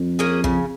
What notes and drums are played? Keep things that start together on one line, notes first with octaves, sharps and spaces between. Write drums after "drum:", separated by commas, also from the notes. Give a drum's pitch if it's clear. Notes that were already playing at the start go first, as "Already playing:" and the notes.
Already playing: F2
A#3 C#4 G#4
F2 C#3, drum: kick